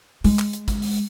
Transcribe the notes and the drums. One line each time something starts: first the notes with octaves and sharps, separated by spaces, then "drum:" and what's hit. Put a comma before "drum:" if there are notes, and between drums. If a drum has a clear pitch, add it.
G#3, drum: open hi-hat
drum: clap
drum: hi-hat
drum: kick, hi-hat
drum: open hi-hat